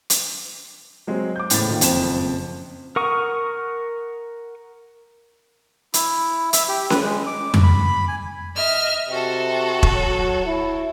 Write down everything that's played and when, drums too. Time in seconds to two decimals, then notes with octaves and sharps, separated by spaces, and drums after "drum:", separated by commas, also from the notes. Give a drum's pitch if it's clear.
0.10 drum: hi-hat
1.07 F#3 G#3 C4
1.36 D6 G6
1.50 E2 A2 C#3 C5 A6, drum: hi-hat
1.69 A#2 D#3 D#4
1.81 F#1 F2 C5 E7, drum: hi-hat
2.96 A#4 F#5 C#6 D#6
5.94 E4, drum: hi-hat
6.53 E5, drum: hi-hat
6.68 G4
6.90 B4, drum: snare C#4
7.04 G#3
7.27 D6
7.54 drum: tom F2
7.64 B5
8.08 G#5
8.55 D#5 E5 F6
9.09 C3 F#4 A4
9.83 drum: kick E1
9.93 F#3
10.46 E4